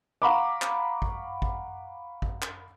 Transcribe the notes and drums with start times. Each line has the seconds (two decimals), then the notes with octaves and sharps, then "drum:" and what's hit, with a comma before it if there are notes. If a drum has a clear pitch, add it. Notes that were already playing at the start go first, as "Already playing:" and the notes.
0.22 F5 F#5 A#5 B5 C#6 D6
0.62 drum: clap
1.02 drum: kick G#1
1.42 drum: kick G#1
2.22 drum: kick G#1
2.42 drum: clap